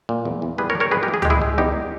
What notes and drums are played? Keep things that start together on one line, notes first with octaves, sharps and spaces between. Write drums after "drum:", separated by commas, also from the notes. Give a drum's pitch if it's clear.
A#2
E2
E2
G3 G#4 B4
A#4 C#5
G3
A#4 C#5
G#2 G#4 B4
G4 A#4
E3
G#4
G#3 G4, drum: tom C#2
E4 G#4
G#3
E2 D#4 G4